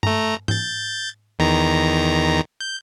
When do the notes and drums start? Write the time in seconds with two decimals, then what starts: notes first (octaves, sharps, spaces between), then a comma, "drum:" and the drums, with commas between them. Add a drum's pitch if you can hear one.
0.03 A3 A#5, drum: tom G2
0.48 G6 A6, drum: tom G#2
1.39 E2 D#3 A#5
2.60 G6